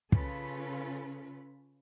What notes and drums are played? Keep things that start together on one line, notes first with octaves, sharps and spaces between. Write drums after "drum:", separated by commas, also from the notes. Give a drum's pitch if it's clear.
C#3 C#4 F4 A4 B4, drum: kick